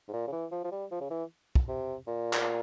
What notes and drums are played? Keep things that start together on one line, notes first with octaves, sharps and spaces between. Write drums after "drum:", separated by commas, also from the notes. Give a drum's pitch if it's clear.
G#2
A#2
C#3
E3
F3
F3
G3
F3
C#3
E3
drum: kick
C3
A#2
drum: clap